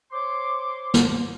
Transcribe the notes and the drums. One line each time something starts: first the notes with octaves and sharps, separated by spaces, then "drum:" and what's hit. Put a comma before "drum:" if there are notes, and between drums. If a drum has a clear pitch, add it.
C5 C#5 C6 D6
drum: snare